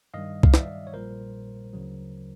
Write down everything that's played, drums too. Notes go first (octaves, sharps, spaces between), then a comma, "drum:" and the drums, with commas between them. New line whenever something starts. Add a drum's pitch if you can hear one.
G2 D#3 G3 D#5 F5
F5, drum: kick C2
D5 E5, drum: snare
C#5
A#1 A#2 G3 A#4 C5
D2 C#3 F#3